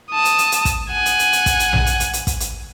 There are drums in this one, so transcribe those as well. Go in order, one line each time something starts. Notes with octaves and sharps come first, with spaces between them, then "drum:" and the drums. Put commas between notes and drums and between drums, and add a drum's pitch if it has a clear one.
A5 D#6
drum: hi-hat
drum: hi-hat
drum: hi-hat
drum: kick, hi-hat
F#5 G#5
drum: hi-hat
drum: hi-hat
drum: hi-hat
drum: kick, hi-hat
drum: hi-hat
drum: tom A#1
drum: hi-hat
drum: hi-hat
drum: hi-hat
drum: kick, hi-hat
drum: hi-hat